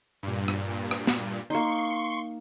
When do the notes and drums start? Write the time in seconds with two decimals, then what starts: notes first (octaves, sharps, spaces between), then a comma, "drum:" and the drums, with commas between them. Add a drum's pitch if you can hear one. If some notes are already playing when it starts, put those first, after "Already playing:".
0.23 G2 A#2
0.48 drum: rim click
0.91 drum: rim click
1.07 drum: snare
1.50 A#3 D#4 C6 C#6